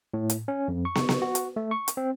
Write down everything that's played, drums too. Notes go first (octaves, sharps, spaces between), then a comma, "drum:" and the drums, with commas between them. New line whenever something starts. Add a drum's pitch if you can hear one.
A2
drum: hi-hat
C#4
F2
C#6
drum: snare
drum: snare
F#4
drum: hi-hat
A3
C#6
drum: hi-hat
C4